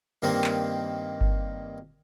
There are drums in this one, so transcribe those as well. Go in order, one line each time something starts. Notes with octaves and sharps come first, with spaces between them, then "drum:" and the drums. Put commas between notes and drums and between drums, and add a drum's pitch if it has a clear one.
G2 D#3 A#3 C4
drum: clap
drum: kick G1